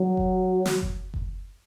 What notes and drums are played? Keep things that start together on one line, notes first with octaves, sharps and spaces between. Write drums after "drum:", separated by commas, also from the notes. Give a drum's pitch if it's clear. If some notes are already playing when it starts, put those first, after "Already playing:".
Already playing: F#3
drum: kick F#1
drum: snare
drum: kick F#1
drum: kick F#1